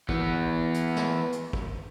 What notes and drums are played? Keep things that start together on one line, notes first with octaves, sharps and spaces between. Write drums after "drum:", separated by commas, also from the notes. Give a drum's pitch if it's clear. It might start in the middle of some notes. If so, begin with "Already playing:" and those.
E3 B3, drum: kick
drum: hi-hat
drum: snare
drum: hi-hat
drum: kick